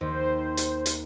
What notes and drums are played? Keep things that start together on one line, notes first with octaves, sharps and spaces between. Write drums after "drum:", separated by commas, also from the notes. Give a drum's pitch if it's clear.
D#2 C5
drum: hi-hat
drum: hi-hat